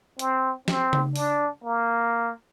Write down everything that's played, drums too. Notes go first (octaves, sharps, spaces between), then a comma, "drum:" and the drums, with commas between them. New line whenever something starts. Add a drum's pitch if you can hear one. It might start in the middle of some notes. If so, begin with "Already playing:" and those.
C4, drum: hi-hat
C4, drum: snare
drum: tom C#3
D4, drum: open hi-hat
A#3